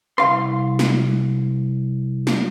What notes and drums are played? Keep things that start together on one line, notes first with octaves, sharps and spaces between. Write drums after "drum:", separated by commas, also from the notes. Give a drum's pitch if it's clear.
C2 G2 F5 C6, drum: rim click
drum: snare
drum: snare